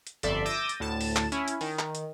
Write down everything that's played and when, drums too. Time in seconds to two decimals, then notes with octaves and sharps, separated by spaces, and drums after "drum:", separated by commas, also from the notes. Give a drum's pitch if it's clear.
0.07 drum: hi-hat
0.23 G1 F2 A4 D5 E5 C6, drum: hi-hat
0.45 D6 E6 G6 A6 A#6 D#7
0.69 drum: hi-hat
0.80 D2 A2 A5 E7
1.01 drum: open hi-hat
1.16 drum: clap
1.32 C#4 E4, drum: hi-hat
1.48 drum: hi-hat
1.61 D#3, drum: open hi-hat
1.79 drum: clap
1.95 drum: hi-hat